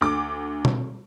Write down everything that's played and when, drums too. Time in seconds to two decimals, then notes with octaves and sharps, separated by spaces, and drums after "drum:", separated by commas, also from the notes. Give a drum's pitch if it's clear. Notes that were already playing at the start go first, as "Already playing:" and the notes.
0.01 D2 D6
0.65 drum: tom B2